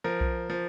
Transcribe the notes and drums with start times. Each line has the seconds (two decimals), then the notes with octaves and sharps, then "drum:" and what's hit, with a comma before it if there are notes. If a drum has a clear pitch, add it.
0.04 F3 A#4
0.21 drum: kick B1
0.50 F3